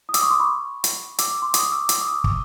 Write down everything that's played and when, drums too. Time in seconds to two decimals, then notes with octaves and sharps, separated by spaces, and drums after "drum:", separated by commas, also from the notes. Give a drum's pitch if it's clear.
0.09 D#6
0.14 D6 E6, drum: hi-hat
0.22 C#6 D#6
0.30 C6 D6
0.40 B5 C#6
0.84 drum: hi-hat
1.18 D6 E6, drum: hi-hat
1.42 C6 D6
1.54 C#6 D#6, drum: hi-hat
1.72 D6 E6
1.89 D6 E6, drum: hi-hat
2.00 C#6 D#6
2.12 D6 E6
2.24 drum: kick